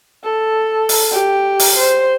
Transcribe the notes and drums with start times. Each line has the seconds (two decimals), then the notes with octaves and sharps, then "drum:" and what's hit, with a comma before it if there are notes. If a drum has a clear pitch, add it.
0.24 A4
0.89 drum: open hi-hat
1.11 G4
1.59 drum: open hi-hat
1.77 C5